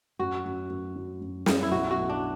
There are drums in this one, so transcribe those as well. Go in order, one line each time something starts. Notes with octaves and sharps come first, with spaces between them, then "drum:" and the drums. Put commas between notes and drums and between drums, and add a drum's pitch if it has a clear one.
F#2 F#4
F#2
F#2
F#3
F#2
F#2, drum: snare
E4
B1 F#4
F#4
B1
D4